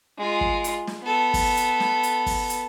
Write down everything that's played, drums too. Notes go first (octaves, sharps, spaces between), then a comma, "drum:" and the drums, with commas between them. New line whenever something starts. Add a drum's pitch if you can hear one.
G#3 F4
drum: kick
drum: hi-hat
drum: snare
B3 A4
drum: kick, open hi-hat
drum: hi-hat
drum: snare
drum: hi-hat
drum: kick, open hi-hat
drum: hi-hat